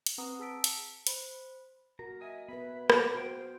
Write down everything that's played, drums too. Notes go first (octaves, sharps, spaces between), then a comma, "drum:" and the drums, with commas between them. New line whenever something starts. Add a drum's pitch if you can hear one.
drum: hi-hat
C4 B4 F#5 A#5 D#6
G#4 A5 E6 B6 D7
C#7, drum: hi-hat
C5 B5, drum: hi-hat
F#4 A#4 A#5
D#5 E5 G#5
B3 B4 E5 B5
G4 G#4 D5, drum: rim click
F4 F#4 G#4 C5 G5